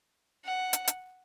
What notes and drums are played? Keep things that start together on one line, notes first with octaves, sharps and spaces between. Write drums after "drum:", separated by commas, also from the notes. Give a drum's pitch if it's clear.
F#5
drum: hi-hat
drum: hi-hat